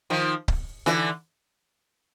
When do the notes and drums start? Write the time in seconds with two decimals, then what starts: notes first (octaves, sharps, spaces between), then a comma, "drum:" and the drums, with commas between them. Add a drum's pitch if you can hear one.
0.10 D#3 F3
0.48 drum: kick C#1
0.86 D3 E3, drum: snare